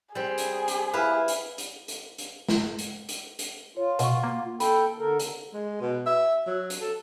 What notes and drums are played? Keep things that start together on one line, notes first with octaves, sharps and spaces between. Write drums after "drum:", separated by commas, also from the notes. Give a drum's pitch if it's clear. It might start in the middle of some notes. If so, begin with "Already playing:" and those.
G3 C4 G#4
drum: hi-hat
drum: hi-hat
E4 B4 F5
drum: hi-hat
drum: hi-hat
drum: hi-hat
drum: hi-hat
drum: snare
drum: hi-hat
drum: hi-hat
drum: hi-hat
F4 C#5
B2 F#5 C#6, drum: hi-hat
A#3
A4 G5 B5, drum: hi-hat
D3 A4 A#4
drum: hi-hat
G#3
B2
E5
F#3
drum: hi-hat
A4